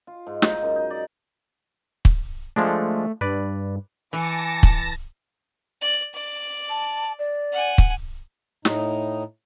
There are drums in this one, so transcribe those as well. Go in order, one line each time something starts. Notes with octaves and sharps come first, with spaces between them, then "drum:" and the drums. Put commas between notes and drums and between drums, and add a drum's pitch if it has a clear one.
F4
G#2
D#4, drum: snare
F#2
D#4
D5
drum: kick
F3 G#3 A3 D4
G2 B4 D5
E3 G#5 A5 D6 A#6 C#7
drum: kick
D5
D5 D6
A5
D5
F#5 G#5
drum: kick
A2 D#4, drum: snare